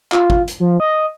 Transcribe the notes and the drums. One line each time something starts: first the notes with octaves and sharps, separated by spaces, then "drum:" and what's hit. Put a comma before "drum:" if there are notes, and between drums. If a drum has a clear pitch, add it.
F4, drum: clap
drum: kick
drum: hi-hat
F3
D#5